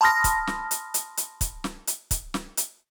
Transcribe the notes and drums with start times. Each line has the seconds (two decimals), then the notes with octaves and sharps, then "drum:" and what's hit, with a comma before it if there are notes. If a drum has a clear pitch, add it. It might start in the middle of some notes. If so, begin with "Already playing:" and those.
0.01 A5 B5 C6 D#6 F6 A#6
0.24 drum: kick, hi-hat
0.47 drum: snare
0.71 drum: hi-hat
0.94 drum: hi-hat
1.17 drum: hi-hat
1.41 drum: kick, hi-hat
1.64 drum: snare
1.87 drum: hi-hat
2.11 drum: kick, hi-hat
2.34 drum: snare
2.57 drum: hi-hat